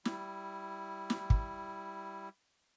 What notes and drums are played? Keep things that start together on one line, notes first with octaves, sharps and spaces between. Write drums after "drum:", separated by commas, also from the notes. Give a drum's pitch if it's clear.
G3 E4, drum: snare
drum: snare
drum: kick